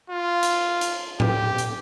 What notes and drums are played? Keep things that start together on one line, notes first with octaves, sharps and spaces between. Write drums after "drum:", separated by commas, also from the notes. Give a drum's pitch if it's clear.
F4
drum: hi-hat
drum: hi-hat
G4, drum: tom A2
drum: hi-hat